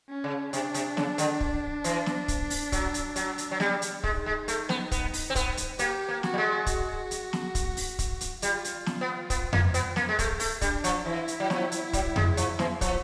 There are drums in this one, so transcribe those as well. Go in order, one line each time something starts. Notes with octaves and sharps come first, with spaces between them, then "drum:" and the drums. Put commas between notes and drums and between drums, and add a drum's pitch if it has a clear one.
C#4
C#3
C3 D4, drum: hi-hat
C3, drum: hi-hat
C#3, drum: snare
D3, drum: hi-hat
drum: kick
E3, drum: hi-hat
drum: snare
drum: kick, hi-hat
drum: open hi-hat
F#3, drum: kick, hi-hat
drum: hi-hat
F#3, drum: hi-hat
drum: hi-hat
F#3
G3, drum: snare
drum: hi-hat
G#3 D#4, drum: kick
G#3
A3, drum: hi-hat
B3, drum: snare
B3, drum: kick, hi-hat
drum: open hi-hat
C4
B3, drum: kick, hi-hat
drum: hi-hat
A#3 G4, drum: hi-hat
A#3
F#4, drum: snare
G3
G#3
F#4, drum: kick, hi-hat
drum: hi-hat
drum: snare
drum: kick, hi-hat
drum: open hi-hat
drum: kick, hi-hat
drum: hi-hat
G3 F4, drum: hi-hat
drum: hi-hat
drum: snare
B3
B3, drum: kick, hi-hat
A#3, drum: tom F2
B3, drum: hi-hat
A#3, drum: snare
G#3
A3, drum: kick, hi-hat
A3, drum: open hi-hat
G3 D4, drum: kick, hi-hat
F3, drum: hi-hat
E3 E4
drum: hi-hat
F#3
F3, drum: snare
drum: hi-hat
F#3, drum: kick, hi-hat
G#3, drum: tom F2
F3, drum: hi-hat
E3, drum: snare
F3, drum: kick, hi-hat